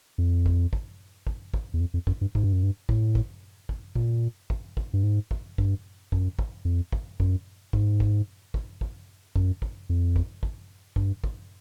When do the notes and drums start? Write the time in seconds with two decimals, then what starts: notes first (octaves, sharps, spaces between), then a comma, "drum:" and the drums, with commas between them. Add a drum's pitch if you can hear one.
0.18 F2
0.46 drum: kick
0.73 drum: kick
1.27 drum: kick
1.54 drum: kick
1.74 E2
1.80 F2
1.94 F2
2.07 F#2, drum: kick
2.21 G2
2.35 G#2, drum: kick
2.43 G2
2.53 F#2
2.63 G2
2.89 A2, drum: kick
3.15 drum: kick
3.69 drum: kick
3.95 A#2, drum: kick
4.50 drum: kick
4.77 drum: kick
4.94 G2
5.03 G#2
5.31 drum: kick
5.58 G2, drum: kick
6.12 F#2, drum: kick
6.39 drum: kick
6.65 F2
6.92 drum: kick
7.20 F#2, drum: kick
7.73 G#2, drum: kick
8.00 drum: kick
8.54 drum: kick
8.81 drum: kick
9.36 F#2, drum: kick
9.62 drum: kick
9.89 F2
10.16 drum: kick
10.43 drum: kick
10.96 G2, drum: kick
11.24 drum: kick